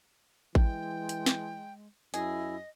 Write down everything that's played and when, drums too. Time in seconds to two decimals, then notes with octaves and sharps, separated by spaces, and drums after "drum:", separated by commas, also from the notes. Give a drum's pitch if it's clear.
0.55 E3 G#3 G5, drum: kick A1
1.09 drum: hi-hat
1.26 drum: snare
2.14 F#2 E4 G#4 D#5, drum: hi-hat